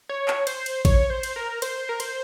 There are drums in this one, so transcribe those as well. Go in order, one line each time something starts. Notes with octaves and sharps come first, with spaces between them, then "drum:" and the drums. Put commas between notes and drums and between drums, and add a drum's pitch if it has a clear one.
C#5
drum: clap
C5, drum: cymbal
drum: cymbal
C#5, drum: kick, cymbal
C5
drum: cymbal
A#4
C5, drum: cymbal
A#4
C5, drum: cymbal